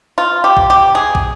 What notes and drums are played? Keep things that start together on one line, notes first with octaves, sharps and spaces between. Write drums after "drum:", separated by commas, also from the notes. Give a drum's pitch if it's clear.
F4
G4
drum: kick
G4
G#4
drum: kick